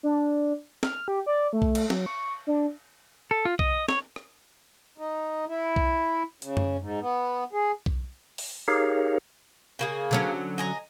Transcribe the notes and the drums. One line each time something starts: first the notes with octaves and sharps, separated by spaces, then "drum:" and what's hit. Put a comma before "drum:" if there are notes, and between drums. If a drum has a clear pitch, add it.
D4
F6, drum: snare
G4
D5
A3
drum: kick B1
drum: cymbal
F#3, drum: snare
C#6
D4
A4
F4
D#5, drum: kick B1
C#5, drum: snare
drum: rim click
D#4
E4
drum: kick B1
C#3, drum: hi-hat
drum: tom F#2
G#2
B3
G#4
drum: kick B1
drum: open hi-hat
D#4 G4 G#4 A#4 C#5 F5
C#3 A#3 G#4
D3 F#3 C#4
D#5 G#5 A#5